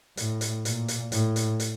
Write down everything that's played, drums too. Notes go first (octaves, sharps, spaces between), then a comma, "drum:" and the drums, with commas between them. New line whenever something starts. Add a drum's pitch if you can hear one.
A2, drum: hi-hat
drum: hi-hat
A#2, drum: hi-hat
drum: hi-hat
A2, drum: hi-hat
drum: hi-hat
drum: hi-hat